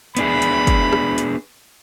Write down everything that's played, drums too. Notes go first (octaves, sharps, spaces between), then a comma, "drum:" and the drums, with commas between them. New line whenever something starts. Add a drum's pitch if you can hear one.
B3 D4 G#4 B5, drum: hi-hat
drum: hi-hat
drum: kick, hi-hat
drum: rim click
drum: hi-hat